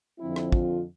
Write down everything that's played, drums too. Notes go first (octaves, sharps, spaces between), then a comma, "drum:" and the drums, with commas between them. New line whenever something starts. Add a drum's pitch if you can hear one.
F2 D3 F3 C4 E4
drum: rim click
F4, drum: kick